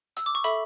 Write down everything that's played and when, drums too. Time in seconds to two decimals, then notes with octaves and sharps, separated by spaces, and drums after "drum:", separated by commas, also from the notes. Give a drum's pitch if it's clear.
0.17 E6, drum: hi-hat
0.26 D6
0.35 C#6
0.44 A4 E5 B5, drum: hi-hat